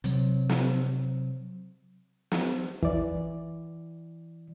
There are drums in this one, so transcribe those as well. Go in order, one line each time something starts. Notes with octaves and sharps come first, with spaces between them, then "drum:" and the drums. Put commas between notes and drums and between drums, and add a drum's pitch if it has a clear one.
C3 F#3, drum: hi-hat
drum: snare
drum: snare
E3 D5, drum: kick